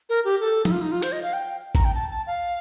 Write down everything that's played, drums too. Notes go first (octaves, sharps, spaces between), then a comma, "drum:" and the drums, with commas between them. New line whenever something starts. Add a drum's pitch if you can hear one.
A#4
G4
A4
D#4, drum: tom F3
F4
D#4
F4
C5, drum: hi-hat
D#5
F5
G5
A#5, drum: kick
G5
A5
A5
F5